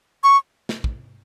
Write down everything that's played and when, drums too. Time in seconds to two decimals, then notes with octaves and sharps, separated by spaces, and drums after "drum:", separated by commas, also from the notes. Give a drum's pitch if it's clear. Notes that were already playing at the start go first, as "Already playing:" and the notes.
0.24 C#6
0.69 drum: snare
0.84 drum: kick